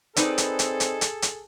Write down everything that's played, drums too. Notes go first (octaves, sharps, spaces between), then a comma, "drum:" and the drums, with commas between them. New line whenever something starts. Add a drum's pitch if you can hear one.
C4 D#4 G#4 A4 B4 D5, drum: hi-hat
drum: hi-hat
drum: hi-hat
drum: hi-hat
drum: hi-hat
drum: hi-hat